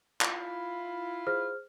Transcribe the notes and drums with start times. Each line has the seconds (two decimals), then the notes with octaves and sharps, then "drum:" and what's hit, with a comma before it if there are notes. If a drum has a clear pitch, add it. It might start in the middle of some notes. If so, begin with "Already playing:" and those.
0.21 E4 F4 B5, drum: clap
1.27 G#4 C5 F6